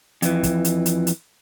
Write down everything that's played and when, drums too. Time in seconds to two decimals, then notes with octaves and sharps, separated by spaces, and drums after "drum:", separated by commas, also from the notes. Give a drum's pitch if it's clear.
0.22 F2 E3, drum: hi-hat
0.43 drum: kick, hi-hat
0.65 drum: hi-hat
0.86 drum: hi-hat
1.07 drum: hi-hat